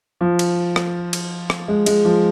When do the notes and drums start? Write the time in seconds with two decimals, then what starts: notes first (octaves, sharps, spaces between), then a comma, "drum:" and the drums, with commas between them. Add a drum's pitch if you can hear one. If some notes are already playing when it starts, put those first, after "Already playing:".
0.21 F3
0.39 drum: cymbal
0.76 drum: rim click
1.13 drum: cymbal
1.50 drum: rim click
1.68 G#3
1.86 G#3, drum: cymbal
2.05 F3